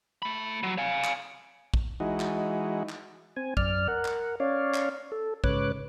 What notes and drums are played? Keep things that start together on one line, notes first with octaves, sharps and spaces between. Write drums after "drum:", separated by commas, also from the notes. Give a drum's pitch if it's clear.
A3 B5
F#3
F5 G#5
drum: clap
drum: kick A#1
E3 G#3 D#4 F#4
drum: clap
drum: clap
C4 G#5
F#2 D5 F6, drum: kick A#1
A#4 F#5
drum: clap
C#4 C#5 D5 F5
drum: clap
A4
G#2 C#3 B4 C#5 D6 F#6, drum: kick A#1